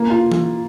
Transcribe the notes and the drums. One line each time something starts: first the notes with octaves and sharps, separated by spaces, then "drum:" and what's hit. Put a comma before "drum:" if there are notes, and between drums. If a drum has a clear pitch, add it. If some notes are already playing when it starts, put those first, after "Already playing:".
Already playing: A#3
F4
drum: tom E3